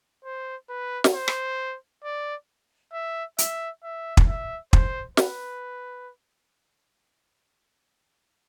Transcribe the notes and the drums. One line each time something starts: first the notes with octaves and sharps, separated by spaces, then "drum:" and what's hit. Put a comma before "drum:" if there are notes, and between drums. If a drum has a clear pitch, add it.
C5
B4
drum: snare
C5
drum: rim click
D5
E5
E5, drum: hi-hat
E5
drum: kick
E5
C5, drum: kick
B4, drum: snare